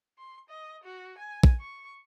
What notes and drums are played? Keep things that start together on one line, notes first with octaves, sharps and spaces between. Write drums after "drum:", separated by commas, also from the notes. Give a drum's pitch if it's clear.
C6
D#5
F#4
G#5
drum: kick
C#6